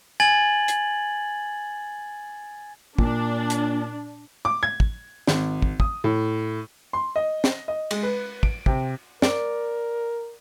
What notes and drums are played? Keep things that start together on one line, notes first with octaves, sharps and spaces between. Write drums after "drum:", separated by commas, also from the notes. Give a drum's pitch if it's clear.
G#5 G#6 A6 F#7
drum: hi-hat
A#2 D4, drum: kick
drum: hi-hat
D6
G#6
drum: kick
G#1, drum: snare
drum: kick
D#6, drum: kick
A2
C6
D#5
drum: snare
D#5
G#3, drum: cymbal
B4
D7, drum: kick
C3, drum: kick
A#4 D5, drum: snare